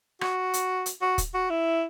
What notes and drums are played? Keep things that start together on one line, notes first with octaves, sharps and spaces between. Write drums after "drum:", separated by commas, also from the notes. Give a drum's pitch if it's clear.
F#4, drum: rim click
drum: hi-hat
drum: hi-hat
F#4
drum: kick, hi-hat
F#4
E4